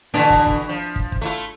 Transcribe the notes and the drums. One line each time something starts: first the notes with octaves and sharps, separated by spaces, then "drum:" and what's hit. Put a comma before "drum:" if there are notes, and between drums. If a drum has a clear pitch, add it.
B2 D3 E3 D4
drum: kick
drum: kick
F3
drum: kick
drum: kick
A3 E4 F4